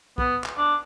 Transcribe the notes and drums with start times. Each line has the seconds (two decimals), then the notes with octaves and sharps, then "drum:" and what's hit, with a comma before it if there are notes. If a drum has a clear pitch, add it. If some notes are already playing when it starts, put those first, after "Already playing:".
0.18 B3, drum: kick
0.44 drum: clap
0.57 D4